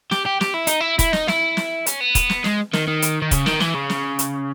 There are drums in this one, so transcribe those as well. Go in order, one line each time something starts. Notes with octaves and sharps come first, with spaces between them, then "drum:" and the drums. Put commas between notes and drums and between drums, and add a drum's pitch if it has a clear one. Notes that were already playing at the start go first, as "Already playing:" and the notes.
G4, drum: snare
G4
G4, drum: snare
E4
D#4, drum: hi-hat
E4
E4, drum: kick, hi-hat
D#4, drum: snare
E4, drum: snare
drum: snare
C#4, drum: hi-hat
B3
drum: kick, hi-hat
drum: snare
G#3, drum: snare
D#3, drum: snare
D#3
drum: hi-hat
D#3
C#3, drum: kick, hi-hat
D#3, drum: snare
E3, drum: snare
C#3
drum: snare
drum: hi-hat